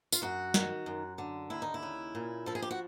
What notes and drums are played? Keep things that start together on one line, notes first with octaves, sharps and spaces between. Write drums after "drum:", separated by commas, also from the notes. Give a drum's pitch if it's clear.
F4, drum: tambourine
F#2 F#4
D#3, drum: snare
F#2
D3
D#2 E4
D#4
E4
C#3
A#2
F3 A4
G#4
G4
F#4